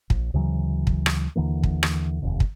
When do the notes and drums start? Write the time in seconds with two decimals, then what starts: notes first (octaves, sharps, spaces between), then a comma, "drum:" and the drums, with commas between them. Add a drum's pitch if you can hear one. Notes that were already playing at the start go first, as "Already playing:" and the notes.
0.10 A#1, drum: kick
0.34 D2 C#3 E3 F#3
0.87 drum: kick
1.06 drum: rim click
1.36 D#2 D3 E3 A#3
1.63 drum: kick
1.83 drum: rim click
2.22 F1 D#2 C3
2.40 drum: kick